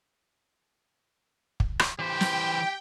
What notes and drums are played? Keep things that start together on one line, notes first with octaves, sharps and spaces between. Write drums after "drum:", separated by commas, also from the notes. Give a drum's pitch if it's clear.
drum: kick
drum: rim click
E3 G4 C5 G5
drum: snare